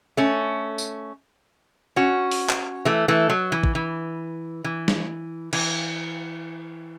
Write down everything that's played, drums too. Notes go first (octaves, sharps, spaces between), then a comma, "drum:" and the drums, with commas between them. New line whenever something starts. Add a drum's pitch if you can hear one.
A3 C#4
drum: tambourine
C#4 F#4
drum: open hi-hat
drum: clap
E3 A3
E3 A3
F#3
E3
drum: kick
E3
E3
drum: snare
E3, drum: cymbal